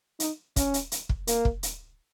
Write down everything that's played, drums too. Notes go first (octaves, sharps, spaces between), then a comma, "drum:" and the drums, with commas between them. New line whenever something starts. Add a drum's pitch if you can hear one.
D#4, drum: hi-hat
C#4, drum: kick, hi-hat
drum: hi-hat
drum: hi-hat
drum: kick
A#3, drum: hi-hat
drum: kick
drum: hi-hat